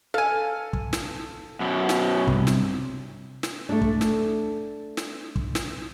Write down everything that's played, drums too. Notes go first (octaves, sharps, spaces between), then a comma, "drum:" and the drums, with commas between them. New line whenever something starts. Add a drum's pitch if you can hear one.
A4 F5 G#5
drum: kick
drum: snare
F#2 B2
drum: snare
G2 C3, drum: kick
drum: snare
drum: snare
A3 D4
drum: kick
drum: snare
drum: snare
drum: kick
drum: snare